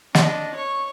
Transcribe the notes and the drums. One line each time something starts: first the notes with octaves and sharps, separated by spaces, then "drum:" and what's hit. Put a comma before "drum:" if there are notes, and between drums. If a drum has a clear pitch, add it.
D4 D#5, drum: snare
C#5 C#6